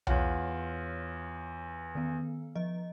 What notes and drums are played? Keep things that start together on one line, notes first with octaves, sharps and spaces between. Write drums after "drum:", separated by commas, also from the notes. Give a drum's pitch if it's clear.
E2 F4 C#5 F#5, drum: tom B1
D#3 B3
F3 D#5